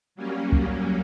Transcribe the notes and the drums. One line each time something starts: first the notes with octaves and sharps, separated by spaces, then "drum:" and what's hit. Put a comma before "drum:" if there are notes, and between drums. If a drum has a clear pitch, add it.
F#3 G3 A#3 C#4
drum: kick C2